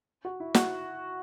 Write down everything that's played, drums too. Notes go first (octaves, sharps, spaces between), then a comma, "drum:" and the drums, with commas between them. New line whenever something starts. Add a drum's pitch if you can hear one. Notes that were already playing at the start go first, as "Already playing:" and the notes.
F#4
E4
F#4, drum: snare